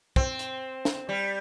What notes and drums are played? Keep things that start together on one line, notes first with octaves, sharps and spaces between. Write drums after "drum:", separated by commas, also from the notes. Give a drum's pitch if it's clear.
C4, drum: kick
drum: hi-hat
drum: snare
G3